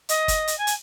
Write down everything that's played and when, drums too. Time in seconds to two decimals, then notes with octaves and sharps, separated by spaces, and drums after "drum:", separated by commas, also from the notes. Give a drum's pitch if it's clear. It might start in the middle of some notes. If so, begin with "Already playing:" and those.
0.09 D#5, drum: hi-hat
0.28 drum: kick, hi-hat
0.47 drum: hi-hat
0.58 G#5
0.67 drum: hi-hat